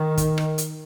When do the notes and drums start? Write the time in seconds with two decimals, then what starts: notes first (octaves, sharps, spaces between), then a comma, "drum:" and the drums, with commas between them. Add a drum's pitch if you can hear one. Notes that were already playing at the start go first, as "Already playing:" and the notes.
Already playing: D#3
0.17 drum: kick, hi-hat
0.38 drum: rim click
0.58 drum: hi-hat